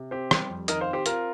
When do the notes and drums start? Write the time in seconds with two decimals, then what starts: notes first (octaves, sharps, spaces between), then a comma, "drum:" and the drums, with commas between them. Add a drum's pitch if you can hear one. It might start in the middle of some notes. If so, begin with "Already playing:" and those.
Already playing: C3
0.11 C4 G4 C5
0.31 G3, drum: rim click
0.49 F2
0.68 D#3 A#4 D#5, drum: hi-hat
0.80 C5 F5
0.87 C4
0.93 G4 C5
1.06 C4 F4 A#4, drum: hi-hat